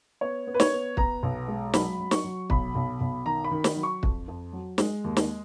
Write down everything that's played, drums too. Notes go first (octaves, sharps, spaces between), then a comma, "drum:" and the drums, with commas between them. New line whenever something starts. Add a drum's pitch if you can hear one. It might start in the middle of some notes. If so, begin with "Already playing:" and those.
B3 C#5
B3
B4
C#5, drum: snare
B3
B3 A#5, drum: kick
B1
G#3
F#3 B5, drum: snare
F#3
C#6, drum: snare
F#3
B1 B5, drum: kick
B1
B1
D#3 A#5
B5
D#3
B5, drum: snare
F#3
C#6
F2, drum: kick
F2
F#3
G#3, drum: snare
D#2
drum: snare